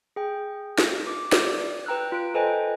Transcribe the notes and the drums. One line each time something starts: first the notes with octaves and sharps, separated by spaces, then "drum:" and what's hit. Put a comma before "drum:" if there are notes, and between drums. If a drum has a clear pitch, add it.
G#4 G5
drum: snare
D6
drum: snare
D5
B4 G5 A#5 E6 F#6
F4 D7
A4 B4 C5 D#5 G5 G#5